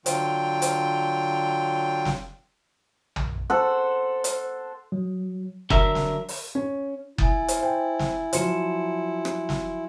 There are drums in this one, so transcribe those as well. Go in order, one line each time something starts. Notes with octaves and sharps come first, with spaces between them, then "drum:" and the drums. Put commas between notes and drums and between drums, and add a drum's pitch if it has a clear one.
D3 F#3 F4 G5, drum: hi-hat
drum: hi-hat
drum: snare
drum: tom
A4 C5 F#5
drum: hi-hat
F#3
D3 F#3 A#4 E5, drum: kick F#1
drum: snare
drum: open hi-hat
C#4
E4 G#5 A6, drum: kick F#1
drum: hi-hat
C5 G5
drum: snare
F3 F#3 C6 C#7 E7, drum: hi-hat
drum: rim click
drum: snare